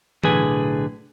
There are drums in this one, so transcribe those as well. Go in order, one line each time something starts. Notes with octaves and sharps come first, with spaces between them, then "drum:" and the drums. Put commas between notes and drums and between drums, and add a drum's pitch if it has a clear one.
B1 A2 D3 G#4 B4 G#5, drum: tom E3